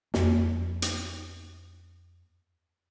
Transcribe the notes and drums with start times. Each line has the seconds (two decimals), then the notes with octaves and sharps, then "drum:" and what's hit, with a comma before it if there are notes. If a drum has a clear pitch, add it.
0.14 F2 A#3, drum: snare
0.82 drum: hi-hat